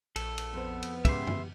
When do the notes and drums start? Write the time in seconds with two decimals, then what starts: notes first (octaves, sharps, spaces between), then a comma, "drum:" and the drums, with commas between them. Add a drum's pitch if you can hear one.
0.16 A#1 A4, drum: cymbal
0.38 drum: cymbal
0.54 F2 B3 C5
0.82 drum: cymbal
1.05 G#2 C#3 G4 E5 C6, drum: kick, cymbal
1.27 drum: tom F#2